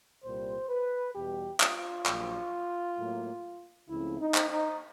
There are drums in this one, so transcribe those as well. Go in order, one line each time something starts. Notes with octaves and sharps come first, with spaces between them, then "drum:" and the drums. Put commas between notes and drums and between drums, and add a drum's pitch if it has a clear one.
C2 A#2 G3 C5
B4
E2 B2 G3 G4
F4, drum: clap
A#1 A#2 F#3, drum: clap
A2 F#3 A#3
C#2 C#3 F3 A3 C4 E4
D#4
drum: clap
D#4